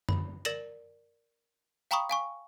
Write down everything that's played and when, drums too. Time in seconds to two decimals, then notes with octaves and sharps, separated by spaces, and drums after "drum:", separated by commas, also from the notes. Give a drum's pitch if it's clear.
0.09 B5, drum: tom F#2
0.45 A#4 D5 A6 A#6 E7 F#7, drum: hi-hat
1.91 F5 G5 A#5 B5 C#6 D#6
2.10 F5 G#5 C#6